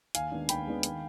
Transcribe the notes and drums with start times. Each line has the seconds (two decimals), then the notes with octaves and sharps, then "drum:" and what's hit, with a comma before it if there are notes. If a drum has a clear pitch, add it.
0.15 D#2 F5 G#5, drum: hi-hat
0.32 D#3 G#3 B3 D4
0.49 D#2 G5 B5, drum: hi-hat
0.66 D#3 G#3 B3 D4
0.83 D#3, drum: hi-hat